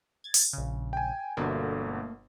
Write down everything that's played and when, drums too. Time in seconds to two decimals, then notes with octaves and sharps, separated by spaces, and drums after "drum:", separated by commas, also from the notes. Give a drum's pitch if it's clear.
0.24 G#6 A6
0.34 drum: open hi-hat
0.53 A#1 C#3
0.93 G5 G#5
1.37 G1 B2 D3 A3 A#3